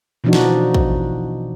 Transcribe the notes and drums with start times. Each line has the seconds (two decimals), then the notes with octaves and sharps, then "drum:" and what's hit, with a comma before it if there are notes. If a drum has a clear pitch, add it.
0.24 B2 E3 F3 D4 D#4 F#4
0.33 drum: snare
0.74 drum: kick